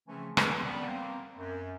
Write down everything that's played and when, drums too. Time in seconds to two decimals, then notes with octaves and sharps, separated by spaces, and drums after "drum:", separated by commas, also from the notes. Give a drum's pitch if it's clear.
0.07 C#3 E3 F3 A3 C4 C#4
0.37 B4, drum: rim click
0.65 G3 B3
0.87 A#3 C4
1.37 F#2